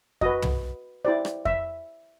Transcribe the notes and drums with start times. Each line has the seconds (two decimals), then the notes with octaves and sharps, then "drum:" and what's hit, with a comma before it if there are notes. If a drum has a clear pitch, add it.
0.21 F#4 B4 D#5, drum: kick F2
0.42 drum: tom
1.05 E4 G4 C5 D5
1.25 drum: rim click
1.45 E5, drum: kick F2